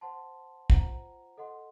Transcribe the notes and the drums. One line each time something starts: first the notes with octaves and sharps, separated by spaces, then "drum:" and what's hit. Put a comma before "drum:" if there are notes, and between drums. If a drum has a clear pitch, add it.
C5 F#5 A5 C6
F4 C5 F#5 A#5, drum: kick
A4 D#5 F#5 C6